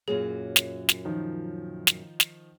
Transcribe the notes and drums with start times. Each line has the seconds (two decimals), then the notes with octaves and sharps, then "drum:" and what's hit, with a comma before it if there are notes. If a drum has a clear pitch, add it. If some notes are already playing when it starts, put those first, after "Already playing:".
0.08 F#2 A#2 F#3 G#4
0.56 drum: snare
0.89 drum: snare
1.05 D#3 F3
1.87 drum: snare
2.20 drum: snare